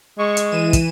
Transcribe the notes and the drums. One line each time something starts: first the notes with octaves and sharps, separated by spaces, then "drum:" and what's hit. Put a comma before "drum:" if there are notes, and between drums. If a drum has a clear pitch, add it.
G#3 C#6
drum: hi-hat
E3 D#7 E7
drum: kick, hi-hat